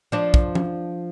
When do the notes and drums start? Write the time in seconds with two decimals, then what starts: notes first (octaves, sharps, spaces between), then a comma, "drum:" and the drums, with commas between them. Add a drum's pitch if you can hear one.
0.12 F3 D4
0.34 drum: kick
0.55 drum: tom